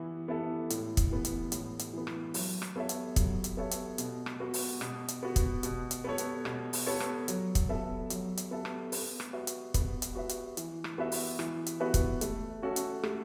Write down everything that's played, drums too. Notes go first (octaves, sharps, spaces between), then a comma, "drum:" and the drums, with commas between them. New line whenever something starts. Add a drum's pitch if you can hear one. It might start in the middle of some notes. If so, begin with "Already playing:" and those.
Already playing: E3 B3 E4
B3 E4 A4
A2, drum: hi-hat
drum: kick, hi-hat
E3 B3
drum: hi-hat
A2, drum: hi-hat
drum: hi-hat
E3 B3
drum: rim click
F#3, drum: open hi-hat
drum: rim click
B3 A4 C#5 E5
drum: hi-hat
F#3, drum: kick, hi-hat
drum: hi-hat
B3 A4 C#5 E5
drum: hi-hat
B2, drum: hi-hat
drum: rim click
B3 F#4
drum: open hi-hat
B2, drum: rim click
drum: hi-hat
B3 F#4
drum: kick, hi-hat
B2, drum: hi-hat
drum: hi-hat
B3 A4 C#5
drum: hi-hat
B2, drum: rim click
drum: open hi-hat
B3 A4 C#5
drum: rim click
F#3, drum: hi-hat
drum: kick, hi-hat
B3 A4 E5
F#3, drum: hi-hat
drum: hi-hat
B3 A4 E5
drum: rim click
B3, drum: open hi-hat
drum: rim click
F#4 B4 E5
drum: hi-hat
B3, drum: kick, hi-hat
drum: hi-hat
F#4 B4 E5
drum: hi-hat
E3, drum: hi-hat
drum: rim click
B3 F#4 B4 E5
drum: open hi-hat
E3, drum: rim click
drum: hi-hat
B3 F#4 B4 E5
drum: kick, hi-hat
A3, drum: hi-hat
C#4 F#4 A4
drum: hi-hat
A3, drum: rim click